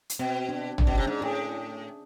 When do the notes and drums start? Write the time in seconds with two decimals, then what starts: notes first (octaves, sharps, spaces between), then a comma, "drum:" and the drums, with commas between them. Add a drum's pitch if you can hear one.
0.10 drum: hi-hat
0.19 B2 C4
0.49 D4
0.78 D4, drum: tom
0.87 B2
0.92 C#4
0.98 C3
1.07 G#2 D4
1.21 A2 G#4